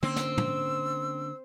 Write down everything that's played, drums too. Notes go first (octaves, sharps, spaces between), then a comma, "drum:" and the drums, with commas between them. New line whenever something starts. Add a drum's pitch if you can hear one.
D3 A#3 C4 C#4 E6
drum: snare
drum: tom